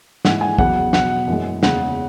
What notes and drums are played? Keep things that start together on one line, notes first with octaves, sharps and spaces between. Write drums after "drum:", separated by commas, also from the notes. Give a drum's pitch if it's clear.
G#2 E3 G#3 F#5, drum: snare
G#5
E2 C#3 F#3 F#5, drum: kick
B2 F#3 F#5, drum: snare
F#2 E3 G#3
E2 C#3 G#3 F#5, drum: snare